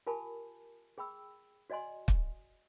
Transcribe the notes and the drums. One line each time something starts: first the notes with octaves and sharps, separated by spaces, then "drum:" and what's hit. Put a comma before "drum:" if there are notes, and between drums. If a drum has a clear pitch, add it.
F4 G4 A#4 G#5 A5 B5
G#4 G5 B5 E6
F#4 D5 D#5 G#5 C6
drum: kick